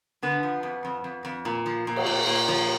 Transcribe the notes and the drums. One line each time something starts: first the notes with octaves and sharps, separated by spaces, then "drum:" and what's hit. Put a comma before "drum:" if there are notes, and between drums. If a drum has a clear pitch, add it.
D3 B3
F3
F2
F2
F2
F2
A#2
F3
A#2
drum: cymbal
A#2
A#2
F3